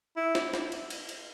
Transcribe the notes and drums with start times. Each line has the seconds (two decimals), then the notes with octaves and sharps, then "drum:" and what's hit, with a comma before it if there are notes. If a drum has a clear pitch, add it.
0.16 E4
0.35 drum: snare
0.54 drum: snare
0.72 drum: cymbal
0.90 drum: cymbal
1.09 drum: cymbal